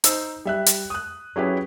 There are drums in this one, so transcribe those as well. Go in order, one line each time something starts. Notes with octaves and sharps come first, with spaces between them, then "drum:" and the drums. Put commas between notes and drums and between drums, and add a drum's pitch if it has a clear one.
D#4 C5 E6, drum: hi-hat
G3 E5 F#6
drum: hi-hat
D#6 F#6
F#3 C#4 E4 G4 G#4 B4